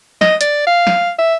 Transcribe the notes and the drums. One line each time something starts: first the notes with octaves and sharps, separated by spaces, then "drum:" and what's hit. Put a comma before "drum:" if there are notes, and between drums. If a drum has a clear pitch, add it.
D#5, drum: snare
D5, drum: hi-hat
F5
drum: snare
E5